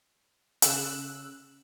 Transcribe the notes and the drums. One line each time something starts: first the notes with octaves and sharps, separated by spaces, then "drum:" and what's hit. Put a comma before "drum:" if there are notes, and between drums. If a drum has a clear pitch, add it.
C#3 E6 F#6, drum: hi-hat